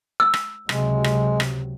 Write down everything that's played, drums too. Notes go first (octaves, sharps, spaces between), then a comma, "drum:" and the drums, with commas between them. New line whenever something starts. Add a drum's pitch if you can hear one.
E6
drum: rim click
C#2 C3 F#3 G#3, drum: rim click
drum: rim click
drum: rim click